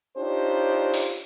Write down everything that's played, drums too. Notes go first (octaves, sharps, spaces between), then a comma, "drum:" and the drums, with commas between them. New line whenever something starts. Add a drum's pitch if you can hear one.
D4 D#4 F4 G4 C5 C#5
drum: open hi-hat